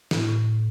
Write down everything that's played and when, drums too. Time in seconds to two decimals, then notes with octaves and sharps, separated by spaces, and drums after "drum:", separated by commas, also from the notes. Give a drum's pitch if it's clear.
0.11 A2, drum: snare
0.28 A2